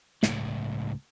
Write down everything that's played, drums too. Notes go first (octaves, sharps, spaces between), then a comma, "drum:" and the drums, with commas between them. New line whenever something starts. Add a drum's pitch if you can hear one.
C#2 A2, drum: snare